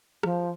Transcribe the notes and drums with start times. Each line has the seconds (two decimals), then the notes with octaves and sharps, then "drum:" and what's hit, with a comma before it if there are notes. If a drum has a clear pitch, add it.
0.23 F3, drum: rim click